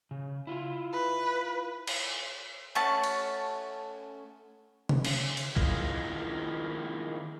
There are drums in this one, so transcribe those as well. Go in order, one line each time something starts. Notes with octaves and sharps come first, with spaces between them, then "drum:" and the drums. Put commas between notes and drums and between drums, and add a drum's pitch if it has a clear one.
C#3
E4 F4
B4
drum: cymbal
A3 C#4 F#5 A5
drum: cymbal
drum: tom C3
drum: cymbal
drum: cymbal
D#3 E4 F4 G#4 A#4 D#5, drum: kick B1